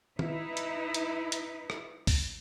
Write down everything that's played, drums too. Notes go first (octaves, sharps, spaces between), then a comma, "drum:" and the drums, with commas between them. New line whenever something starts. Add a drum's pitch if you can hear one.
D#4 E4 B4, drum: tom D#3
drum: hi-hat
drum: hi-hat
drum: hi-hat
drum: rim click
drum: kick, open hi-hat